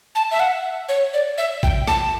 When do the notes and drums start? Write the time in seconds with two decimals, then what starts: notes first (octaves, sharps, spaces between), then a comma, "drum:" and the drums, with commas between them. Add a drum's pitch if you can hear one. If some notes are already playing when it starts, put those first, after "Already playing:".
0.15 A5
0.31 E5
0.40 F#5
0.89 C#5
1.14 D5
1.38 E5
1.63 G5, drum: kick A1
1.88 A5, drum: rim click